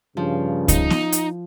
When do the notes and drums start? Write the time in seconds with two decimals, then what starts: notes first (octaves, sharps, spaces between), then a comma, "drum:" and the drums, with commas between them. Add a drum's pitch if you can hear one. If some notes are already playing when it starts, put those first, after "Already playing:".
0.17 G2 C#3 F3
0.68 D#4, drum: kick C#2, hi-hat
0.90 drum: snare B3
1.12 drum: hi-hat